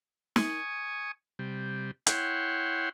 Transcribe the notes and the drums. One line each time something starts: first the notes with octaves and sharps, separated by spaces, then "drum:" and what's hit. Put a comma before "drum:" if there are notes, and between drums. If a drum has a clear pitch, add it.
G#5 C#6 D#6, drum: snare
C3 G3
E4 C#5 F#5 G5 C6, drum: hi-hat